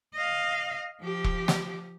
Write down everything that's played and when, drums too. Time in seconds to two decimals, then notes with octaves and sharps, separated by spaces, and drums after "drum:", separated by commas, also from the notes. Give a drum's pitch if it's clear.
0.14 D#5 F5
1.01 F3 G4
1.24 drum: kick E1
1.48 drum: snare